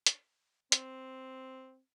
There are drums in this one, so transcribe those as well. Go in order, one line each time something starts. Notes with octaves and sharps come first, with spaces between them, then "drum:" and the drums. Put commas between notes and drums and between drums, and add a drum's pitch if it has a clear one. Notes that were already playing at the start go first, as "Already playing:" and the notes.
drum: hi-hat
C4, drum: hi-hat